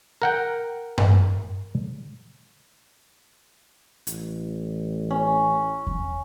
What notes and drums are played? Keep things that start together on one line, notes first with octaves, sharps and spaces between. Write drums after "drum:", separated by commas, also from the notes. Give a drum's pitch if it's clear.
A#4 F#5 G5
drum: tom G2
A1, drum: hi-hat
C#4
drum: kick E2